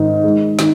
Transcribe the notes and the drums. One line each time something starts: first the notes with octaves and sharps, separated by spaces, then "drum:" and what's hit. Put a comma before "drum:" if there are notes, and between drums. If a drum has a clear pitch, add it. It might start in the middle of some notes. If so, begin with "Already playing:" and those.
Already playing: G#2 D#3
G#3
D#3, drum: snare